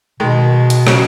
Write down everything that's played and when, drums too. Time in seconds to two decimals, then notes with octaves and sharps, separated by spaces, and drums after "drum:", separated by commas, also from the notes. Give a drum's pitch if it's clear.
0.20 B2 D#3 G#3
0.70 drum: hi-hat
0.87 C#3 F#3, drum: rim click